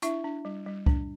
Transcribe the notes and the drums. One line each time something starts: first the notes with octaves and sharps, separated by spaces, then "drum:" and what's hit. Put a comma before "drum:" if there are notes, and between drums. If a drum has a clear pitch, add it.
D4 E4 E5, drum: hi-hat
D4
G3
G3
D4, drum: kick C2